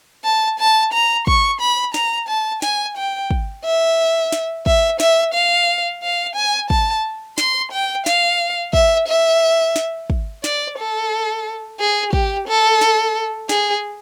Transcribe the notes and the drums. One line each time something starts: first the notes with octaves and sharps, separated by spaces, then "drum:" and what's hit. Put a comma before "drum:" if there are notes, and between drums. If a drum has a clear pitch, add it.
A5
A5
A#5
C#6, drum: kick
B5
A#5, drum: snare
A5
G#5, drum: snare
G5
drum: kick
E5
drum: snare
E5, drum: kick
E5, drum: snare
F5
F5
G#5
A5, drum: kick
C6, drum: snare
G5
F5, drum: snare
E5, drum: kick
E5
drum: snare
drum: kick
D5, drum: snare
A4
G#4
G4, drum: kick
A4
drum: snare
G#4, drum: snare